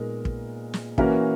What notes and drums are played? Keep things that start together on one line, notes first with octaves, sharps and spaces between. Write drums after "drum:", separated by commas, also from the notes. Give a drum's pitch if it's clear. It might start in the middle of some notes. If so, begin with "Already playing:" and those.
Already playing: A#2 G#3 B3 D#4 A#4
drum: kick
drum: snare
E3 A#3 C#4 F#4 A#4, drum: kick